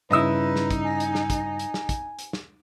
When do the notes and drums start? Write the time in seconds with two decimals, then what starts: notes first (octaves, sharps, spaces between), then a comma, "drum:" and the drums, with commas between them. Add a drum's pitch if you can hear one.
0.11 G2 C#3 D#4 E4 B4 D#5 D#6 E6
0.56 drum: snare
0.71 drum: kick, hi-hat
0.85 G#5
1.00 drum: hi-hat
1.15 drum: snare
1.30 drum: kick, hi-hat
1.59 drum: hi-hat
1.74 drum: snare
1.89 drum: kick, hi-hat
2.19 drum: hi-hat
2.33 drum: snare